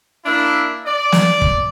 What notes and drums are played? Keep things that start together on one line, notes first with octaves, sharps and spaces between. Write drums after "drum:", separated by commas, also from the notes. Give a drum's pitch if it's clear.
A#3 D4 E4
D5
drum: snare
drum: kick